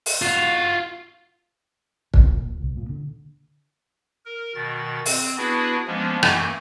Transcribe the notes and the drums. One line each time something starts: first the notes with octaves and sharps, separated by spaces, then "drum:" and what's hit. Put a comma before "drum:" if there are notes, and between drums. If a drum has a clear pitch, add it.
drum: open hi-hat
F4 F#4
C3, drum: kick
A#2
D1
C2
A#2
D3
A#4
B2 D#3 A6
C4, drum: open hi-hat
B3 D4 E4 F#4 G#4 B4
F3 G#3 A#3 B3 C#4 D4
F#2 E3 A3 A#3 G#5 G6, drum: rim click